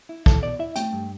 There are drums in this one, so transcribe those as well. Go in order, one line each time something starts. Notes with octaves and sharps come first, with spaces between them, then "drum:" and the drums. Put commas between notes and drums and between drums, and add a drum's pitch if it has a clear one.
E4
E4 A4, drum: kick
B2 D5
E4 E5
A3 G5, drum: hi-hat
G2